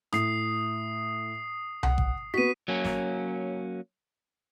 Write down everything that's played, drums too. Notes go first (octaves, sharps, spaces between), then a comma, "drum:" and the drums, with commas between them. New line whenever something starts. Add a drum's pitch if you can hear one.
A2 D#6 C7, drum: rim click
F#5, drum: tom C2
drum: kick G#1
B3 F#4 B6 D#7
F#3 A#3 C#4
drum: snare